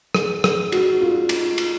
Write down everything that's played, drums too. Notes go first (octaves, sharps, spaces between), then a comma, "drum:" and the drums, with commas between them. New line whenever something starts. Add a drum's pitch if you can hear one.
G#4, drum: rim click
G#4, drum: rim click
F#4, drum: cymbal
F4
drum: cymbal
drum: cymbal